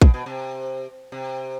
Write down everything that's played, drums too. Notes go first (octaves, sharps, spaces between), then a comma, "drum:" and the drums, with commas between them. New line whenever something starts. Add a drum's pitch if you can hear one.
B2, drum: kick
B2
C3
C3